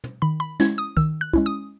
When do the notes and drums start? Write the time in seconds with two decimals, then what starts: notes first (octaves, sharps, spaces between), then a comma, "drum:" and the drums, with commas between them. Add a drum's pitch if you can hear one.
0.04 drum: tom
0.22 D#3 B5
0.40 B5
0.60 G#3 C#4 E4 G#6, drum: snare
0.78 D#6
0.97 D#3 E6, drum: kick
1.21 F#6
1.33 G#3 C#4 E4, drum: kick
1.46 D#6